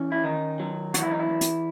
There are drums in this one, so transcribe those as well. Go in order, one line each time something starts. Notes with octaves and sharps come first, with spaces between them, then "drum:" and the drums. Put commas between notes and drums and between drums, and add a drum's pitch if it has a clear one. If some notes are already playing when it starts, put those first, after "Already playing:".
Already playing: E2 C#4
E4
D#3 D#4
F#3
E2 F#4, drum: hi-hat
E4
D#4
E4
E2
drum: hi-hat